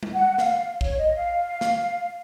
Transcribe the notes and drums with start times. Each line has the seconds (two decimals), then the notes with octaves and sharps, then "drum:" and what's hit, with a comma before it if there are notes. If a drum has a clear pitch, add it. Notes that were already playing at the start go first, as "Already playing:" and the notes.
0.03 drum: tom G3
0.13 F#5
0.38 F5, drum: snare
0.81 C#5, drum: kick
0.98 D#5
1.14 F5
1.61 drum: snare